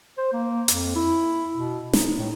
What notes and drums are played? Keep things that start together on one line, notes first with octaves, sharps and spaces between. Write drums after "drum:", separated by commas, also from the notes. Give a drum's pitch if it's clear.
C5
A#3
F2, drum: hi-hat
E4
B2
D#4, drum: snare
A2